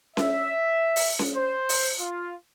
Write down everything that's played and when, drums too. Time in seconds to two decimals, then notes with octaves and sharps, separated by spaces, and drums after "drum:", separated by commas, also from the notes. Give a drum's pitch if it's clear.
0.17 E5, drum: snare C#4
0.96 drum: open hi-hat
1.19 drum: snare C#4
1.35 C5
1.69 drum: open hi-hat
2.00 F4